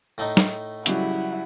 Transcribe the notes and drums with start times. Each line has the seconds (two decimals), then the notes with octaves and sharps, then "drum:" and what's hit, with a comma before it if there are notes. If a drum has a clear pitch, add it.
0.18 A2 A3 D#4
0.37 drum: snare
0.86 C#3 F#3 G3 E4 F#5, drum: hi-hat